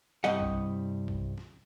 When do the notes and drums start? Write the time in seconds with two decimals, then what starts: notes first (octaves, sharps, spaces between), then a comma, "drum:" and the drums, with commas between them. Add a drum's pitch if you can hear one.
0.24 C2 G2 G3 D#5 F#5
0.40 drum: kick B1
1.08 drum: kick B1
1.38 drum: snare